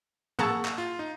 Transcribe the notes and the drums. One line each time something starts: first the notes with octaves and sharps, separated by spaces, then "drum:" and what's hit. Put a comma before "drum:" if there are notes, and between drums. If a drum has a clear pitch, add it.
A#3 G#4 F#5 A5 C#6 E6, drum: tom
drum: clap
F4
D#4